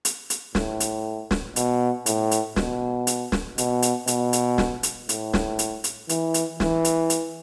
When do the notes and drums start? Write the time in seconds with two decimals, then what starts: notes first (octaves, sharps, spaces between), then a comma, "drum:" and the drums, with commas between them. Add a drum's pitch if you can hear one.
0.05 drum: hi-hat
0.30 drum: hi-hat
0.55 A2, drum: snare
0.80 drum: hi-hat
1.31 drum: snare
1.56 B2, drum: hi-hat
2.06 A2, drum: hi-hat
2.31 drum: hi-hat
2.56 B2, drum: snare
3.07 drum: hi-hat
3.32 drum: snare
3.58 B2, drum: hi-hat
3.82 drum: hi-hat
4.07 B2, drum: hi-hat
4.33 drum: hi-hat
4.58 drum: snare
4.83 drum: hi-hat
5.09 A2, drum: hi-hat
5.33 drum: snare
5.59 drum: hi-hat
5.84 drum: hi-hat
6.09 E3, drum: hi-hat
6.34 drum: hi-hat
6.60 E3, drum: snare
6.85 drum: hi-hat
7.10 drum: hi-hat